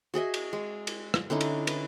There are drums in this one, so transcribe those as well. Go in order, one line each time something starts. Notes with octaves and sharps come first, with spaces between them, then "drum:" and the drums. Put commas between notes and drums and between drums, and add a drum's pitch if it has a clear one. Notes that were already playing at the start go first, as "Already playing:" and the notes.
F#4 G#4 D#5 E5
drum: cymbal
G#3
drum: cymbal
drum: rim click
D3 C#4 D#4 E4
drum: cymbal
B4, drum: cymbal